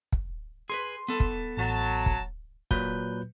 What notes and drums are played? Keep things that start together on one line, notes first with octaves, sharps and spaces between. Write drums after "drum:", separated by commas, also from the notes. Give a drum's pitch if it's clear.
drum: kick
G#4 A#4 B4 C6
B3 A4
drum: kick
A1 F#3 A5
drum: kick
A#2 F#3 B4 G6, drum: kick